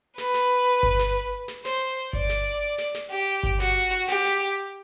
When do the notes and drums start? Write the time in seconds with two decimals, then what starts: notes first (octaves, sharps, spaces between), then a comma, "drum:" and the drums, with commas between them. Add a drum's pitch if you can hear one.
0.18 B4, drum: snare
0.34 drum: snare
0.50 drum: hi-hat
0.67 drum: hi-hat
0.83 drum: kick G1, hi-hat
0.99 drum: snare
1.16 drum: hi-hat
1.32 drum: hi-hat
1.48 drum: snare
1.65 C5, drum: snare
1.81 drum: hi-hat
2.13 D5, drum: kick G1, hi-hat
2.29 drum: snare
2.46 drum: hi-hat
2.62 drum: hi-hat
2.78 drum: snare
2.95 drum: snare
3.10 G4, drum: hi-hat
3.27 drum: hi-hat
3.43 drum: kick G1, hi-hat
3.60 F#4, drum: snare
3.76 drum: hi-hat
3.92 drum: hi-hat
4.08 G4, drum: snare
4.25 drum: snare
4.41 drum: hi-hat
4.57 drum: hi-hat